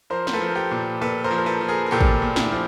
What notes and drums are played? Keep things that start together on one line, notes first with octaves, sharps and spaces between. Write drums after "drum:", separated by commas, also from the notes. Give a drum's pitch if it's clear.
F3 A#4 C5
C5, drum: snare
A4 B4
F3
A#4
G4 A4
A#2
A#2 A4 B4
A#4 C5
F3
A#4
A4 B4
F3
G#4 A#4
A#4
A#2 G4 A4
drum: kick
A#2
D4 E4, drum: snare
F3